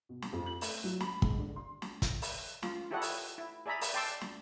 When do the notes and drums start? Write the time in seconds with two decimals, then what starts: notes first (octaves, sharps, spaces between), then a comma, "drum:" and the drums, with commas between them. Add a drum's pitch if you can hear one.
0.09 B2
0.22 drum: snare
0.33 F2
0.46 F#7
0.61 A3, drum: open hi-hat
0.84 F#3
1.00 B5, drum: snare
1.22 G#2, drum: kick
1.39 D3
1.56 C6
1.82 drum: snare
2.02 drum: kick, hi-hat
2.22 drum: open hi-hat
2.63 F4, drum: snare
2.91 E4 G4 A4 C#5 D#5 F#5
3.02 drum: open hi-hat
3.38 E4
3.66 G#4 D5 E5 A#5 B5
3.81 drum: open hi-hat
3.93 D5 G5 A5 C6 D6 E6
4.21 drum: snare